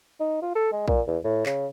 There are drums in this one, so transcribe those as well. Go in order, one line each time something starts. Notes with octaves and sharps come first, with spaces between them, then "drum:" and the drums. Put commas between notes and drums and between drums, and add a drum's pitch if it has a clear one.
D#4
F4
A4
G#3
A#2, drum: kick B1
E2
A2
C#3, drum: clap